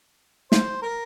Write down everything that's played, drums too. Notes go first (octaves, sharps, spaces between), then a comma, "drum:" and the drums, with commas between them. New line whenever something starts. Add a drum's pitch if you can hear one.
C5, drum: snare
A#4